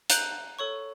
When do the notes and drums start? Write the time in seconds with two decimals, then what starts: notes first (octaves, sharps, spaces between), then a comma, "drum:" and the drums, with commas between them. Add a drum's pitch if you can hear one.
0.10 A#5 F#6 G6 D7 F#7, drum: hi-hat
0.59 A4 C#5 C#6